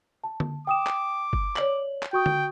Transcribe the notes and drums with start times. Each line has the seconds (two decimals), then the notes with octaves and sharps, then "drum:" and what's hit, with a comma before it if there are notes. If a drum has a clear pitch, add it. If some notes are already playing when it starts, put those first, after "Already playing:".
0.24 A5
0.40 drum: tom D3
0.67 G5 D6 D#6 E7
0.87 drum: clap
1.33 drum: kick G1
1.56 C#5 D5 F#7, drum: clap
2.03 drum: clap
2.13 F#4 G5 C#6 D#6
2.26 drum: tom D3